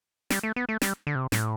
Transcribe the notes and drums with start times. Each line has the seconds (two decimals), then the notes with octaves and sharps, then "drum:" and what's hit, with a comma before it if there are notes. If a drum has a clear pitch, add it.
0.30 G3, drum: snare
0.43 A3
0.56 B3
0.69 A3
0.82 G3, drum: snare
1.07 D3
1.15 C3
1.32 A2, drum: snare